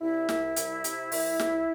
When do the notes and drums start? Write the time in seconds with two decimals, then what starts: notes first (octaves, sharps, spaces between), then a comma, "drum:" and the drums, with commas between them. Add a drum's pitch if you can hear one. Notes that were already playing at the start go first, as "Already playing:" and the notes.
0.01 C2 E4
0.29 C2, drum: snare
0.56 C2, drum: hi-hat
0.84 C3, drum: hi-hat
1.12 C2, drum: open hi-hat
1.39 C2, drum: snare